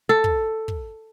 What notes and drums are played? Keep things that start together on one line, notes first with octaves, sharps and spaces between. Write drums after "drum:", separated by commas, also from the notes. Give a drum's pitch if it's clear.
A4
drum: kick
drum: kick